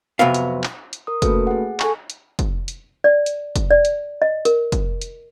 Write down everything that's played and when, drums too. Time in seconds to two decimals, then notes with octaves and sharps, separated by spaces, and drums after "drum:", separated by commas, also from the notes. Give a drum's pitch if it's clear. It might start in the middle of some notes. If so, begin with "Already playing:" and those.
0.19 F2 C3 F#3 B3 F5
0.34 drum: hi-hat
0.64 drum: clap
0.93 drum: hi-hat
1.07 A#4 D#6
1.22 A3 A#3 C#4 F#4 A4 B4, drum: kick, hi-hat
1.47 G#4 F#5
1.80 A4 G#5 C#6, drum: clap
2.10 drum: hi-hat
2.39 drum: kick, hi-hat
2.68 drum: hi-hat
3.04 D5
3.26 drum: hi-hat
3.56 drum: kick, hi-hat
3.71 D5
3.85 drum: hi-hat
4.22 D#5
4.45 A#4, drum: hi-hat
4.72 drum: kick, hi-hat
5.02 drum: hi-hat